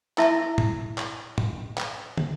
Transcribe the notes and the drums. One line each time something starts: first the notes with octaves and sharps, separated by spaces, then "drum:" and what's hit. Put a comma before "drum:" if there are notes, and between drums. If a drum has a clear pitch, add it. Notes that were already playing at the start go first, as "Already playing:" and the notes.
E4 E5 A5, drum: clap
drum: tom
drum: clap
drum: tom
drum: clap
drum: tom